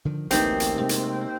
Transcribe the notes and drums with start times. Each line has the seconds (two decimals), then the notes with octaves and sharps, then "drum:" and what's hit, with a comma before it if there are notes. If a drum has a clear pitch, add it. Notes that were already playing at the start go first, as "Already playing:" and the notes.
0.05 D3 D#3 F3
0.31 A1 D2 A#3 C4 D#4 G4, drum: hi-hat
0.60 drum: hi-hat
0.80 C3 G#3 A3
0.89 drum: hi-hat